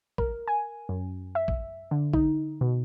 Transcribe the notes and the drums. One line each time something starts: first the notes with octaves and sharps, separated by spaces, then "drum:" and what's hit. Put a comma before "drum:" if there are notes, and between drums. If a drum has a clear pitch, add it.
A#4, drum: kick
G#5
F#2
E5
drum: kick
D3
D#4, drum: kick
B2